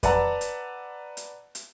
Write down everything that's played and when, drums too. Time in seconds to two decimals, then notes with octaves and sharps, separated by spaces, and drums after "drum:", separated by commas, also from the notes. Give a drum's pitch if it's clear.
0.03 B4 D5 E5 F#5 A5 A#5, drum: kick F2, hi-hat
0.41 drum: hi-hat
1.17 drum: hi-hat
1.55 drum: hi-hat